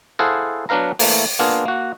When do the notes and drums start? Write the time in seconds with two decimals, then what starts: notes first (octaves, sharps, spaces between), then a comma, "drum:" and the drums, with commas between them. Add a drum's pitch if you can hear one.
0.19 E4 G#4 A4 C5 F5 F#5
0.69 F#3 B3 D4 B4 F5 A#5
0.99 E3 A3 A#3, drum: open hi-hat
1.39 A#3 B3 D4 F4 G#4 A#4
1.66 A#3 F#4